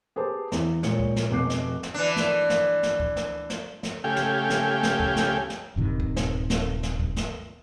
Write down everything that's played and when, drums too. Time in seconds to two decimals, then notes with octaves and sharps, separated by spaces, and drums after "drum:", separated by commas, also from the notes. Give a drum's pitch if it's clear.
0.16 G4 G#4 B4 C5 A5
0.52 E2, drum: snare
0.83 A#2 G#3 C#5 C#7, drum: snare
1.00 drum: kick D2
1.16 drum: snare
1.31 F1 B2 D6 F#6 C7
1.50 drum: snare
1.83 drum: snare
1.94 E3 D4
2.16 drum: snare
2.50 drum: snare
2.83 drum: snare
3.00 drum: kick D2
3.16 drum: snare
3.50 drum: snare
3.83 drum: snare
4.04 C#3 A3 G4 F5 G5 G#5
4.16 drum: snare
4.50 drum: snare
4.83 drum: snare
5.00 drum: kick D2
5.16 drum: snare
5.50 drum: snare
5.76 D#1 G2 C3 D#3
6.00 drum: kick D2
6.16 drum: snare
6.50 drum: snare
6.83 drum: snare
7.00 drum: kick D2
7.16 drum: snare